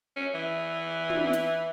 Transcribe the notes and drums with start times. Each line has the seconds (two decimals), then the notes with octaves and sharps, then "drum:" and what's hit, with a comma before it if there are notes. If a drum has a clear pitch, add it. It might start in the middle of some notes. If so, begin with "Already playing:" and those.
0.16 C#4
0.34 E3
1.10 drum: tom
1.33 drum: hi-hat